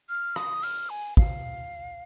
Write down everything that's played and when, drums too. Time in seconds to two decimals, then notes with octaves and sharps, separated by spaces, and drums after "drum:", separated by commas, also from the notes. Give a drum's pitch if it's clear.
0.09 F6
0.36 D#6, drum: rim click
0.63 F6, drum: open hi-hat
0.90 G#5
1.17 F5, drum: kick